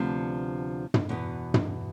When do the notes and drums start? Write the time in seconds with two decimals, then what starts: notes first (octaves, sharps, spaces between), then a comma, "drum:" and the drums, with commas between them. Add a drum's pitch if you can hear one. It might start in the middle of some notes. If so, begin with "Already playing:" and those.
Already playing: D2 C3 F3 B3 D4
0.94 drum: tom
1.09 E2 B2 B3
1.54 drum: tom